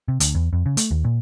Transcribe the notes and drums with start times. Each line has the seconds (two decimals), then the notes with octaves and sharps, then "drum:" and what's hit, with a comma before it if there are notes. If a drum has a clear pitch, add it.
0.08 C3
0.20 D2, drum: hi-hat
0.35 E2
0.53 F2
0.66 C#3
0.77 A3, drum: hi-hat
0.91 D#2
1.05 A#2